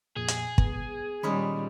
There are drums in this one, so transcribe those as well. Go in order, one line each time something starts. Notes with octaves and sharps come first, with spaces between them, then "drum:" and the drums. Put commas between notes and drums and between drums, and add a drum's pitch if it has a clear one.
F2 A#2 G#4
drum: hi-hat
B3, drum: kick
A#2 D#3 G3 G#3 C#4 D#4 B5 D#6